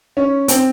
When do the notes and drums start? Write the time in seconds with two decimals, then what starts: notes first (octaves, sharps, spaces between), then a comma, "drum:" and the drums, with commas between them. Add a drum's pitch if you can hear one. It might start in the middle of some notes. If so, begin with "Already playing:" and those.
0.17 C#4
0.48 C4, drum: hi-hat